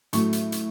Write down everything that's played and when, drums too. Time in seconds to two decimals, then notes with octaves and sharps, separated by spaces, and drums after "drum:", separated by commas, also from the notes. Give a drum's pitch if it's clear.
0.13 A2 F#3 A3 C#6, drum: hi-hat
0.33 drum: hi-hat
0.52 drum: hi-hat